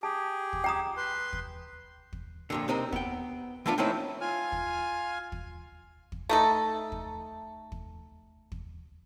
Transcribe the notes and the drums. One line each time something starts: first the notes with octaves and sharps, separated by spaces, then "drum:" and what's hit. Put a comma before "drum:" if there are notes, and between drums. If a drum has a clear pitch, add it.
G4 G#4 A5
drum: kick
G5 A#5 D#6
B4 C6 G6
drum: kick
drum: kick
F2 A#2 D3
C3 C4 D#4 A#4
B3 G5, drum: kick
E3 A3 B3 D4 E4 F4
D#3 A3 C4 C#4 D#4 E4
F4 G#5 F6
drum: kick
drum: kick
drum: kick
A3 D#4 A4
drum: kick
drum: kick
drum: kick